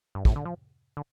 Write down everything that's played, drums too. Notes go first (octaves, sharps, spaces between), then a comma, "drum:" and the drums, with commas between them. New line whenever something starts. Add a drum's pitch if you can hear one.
G2
A2, drum: kick
D3
F3
D3